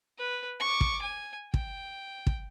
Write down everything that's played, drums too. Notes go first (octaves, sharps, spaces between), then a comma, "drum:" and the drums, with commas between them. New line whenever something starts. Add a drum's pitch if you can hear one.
B4
C#6 D6
drum: kick
G#5
G5, drum: kick
drum: kick